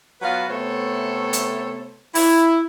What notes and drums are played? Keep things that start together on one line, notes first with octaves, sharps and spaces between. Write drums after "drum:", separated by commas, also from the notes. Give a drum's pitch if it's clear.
F#3 B3 F4 F#4 B4 F5
C3 A3 B3 A4 C5 C#5
drum: hi-hat
E4, drum: open hi-hat